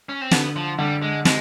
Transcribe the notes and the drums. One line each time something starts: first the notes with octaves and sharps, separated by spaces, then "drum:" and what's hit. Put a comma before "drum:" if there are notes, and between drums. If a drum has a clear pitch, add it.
C#4
C4
D3 B3, drum: snare
F3
D3 G3
G#3
G#3, drum: snare